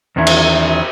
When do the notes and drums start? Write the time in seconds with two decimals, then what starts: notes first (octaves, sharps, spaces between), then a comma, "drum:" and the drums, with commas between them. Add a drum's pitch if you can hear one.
0.16 E2 D#3 C#4 E4
0.27 drum: cymbal